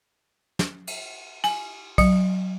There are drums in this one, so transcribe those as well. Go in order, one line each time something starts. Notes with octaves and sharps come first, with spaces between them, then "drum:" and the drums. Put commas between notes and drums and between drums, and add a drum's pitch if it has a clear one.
drum: snare
drum: cymbal
G#5, drum: cymbal
F#3, drum: kick, cymbal